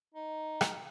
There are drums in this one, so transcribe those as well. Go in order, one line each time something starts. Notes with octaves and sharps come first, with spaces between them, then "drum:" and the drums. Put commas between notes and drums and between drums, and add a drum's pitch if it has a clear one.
D#4
drum: rim click